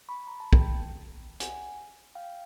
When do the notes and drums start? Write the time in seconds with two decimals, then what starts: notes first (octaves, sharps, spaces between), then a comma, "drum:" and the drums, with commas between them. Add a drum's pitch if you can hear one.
0.09 B5 C#6
0.27 A#5 C6
0.40 A5 B5
0.53 G5 A5, drum: kick
1.40 F#5 G#5, drum: hi-hat
2.15 F5 G5